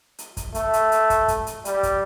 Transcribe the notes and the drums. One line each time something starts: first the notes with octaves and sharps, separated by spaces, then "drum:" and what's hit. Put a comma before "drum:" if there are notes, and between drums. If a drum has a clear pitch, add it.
drum: hi-hat
drum: kick, hi-hat
A3, drum: kick, hi-hat
drum: hi-hat
drum: hi-hat
drum: kick, hi-hat
drum: kick, hi-hat
drum: hi-hat
G3, drum: hi-hat
drum: kick, hi-hat